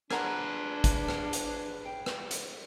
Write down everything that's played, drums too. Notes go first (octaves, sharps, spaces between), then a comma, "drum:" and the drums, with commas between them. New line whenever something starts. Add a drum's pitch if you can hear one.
D4 G#4 A#4 B4 F#5 A#5, drum: rim click
drum: kick, hi-hat
drum: rim click
drum: hi-hat
G5
drum: rim click
drum: hi-hat